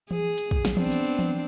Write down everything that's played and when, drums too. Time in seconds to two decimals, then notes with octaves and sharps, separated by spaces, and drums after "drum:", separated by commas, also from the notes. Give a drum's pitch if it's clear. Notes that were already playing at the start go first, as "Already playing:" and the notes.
0.11 G#4, drum: tom E3
0.38 drum: hi-hat
0.51 drum: kick
0.65 drum: snare
0.77 B3 C4 D4, drum: tom E3
0.92 drum: hi-hat
1.19 drum: tom E3